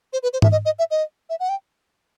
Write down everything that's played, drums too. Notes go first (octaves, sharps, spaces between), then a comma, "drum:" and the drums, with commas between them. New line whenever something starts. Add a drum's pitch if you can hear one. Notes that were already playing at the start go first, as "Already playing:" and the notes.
C5
B4
C5
E5, drum: tom G#2
D#5
D#5
E5
D#5
E5
F#5
G5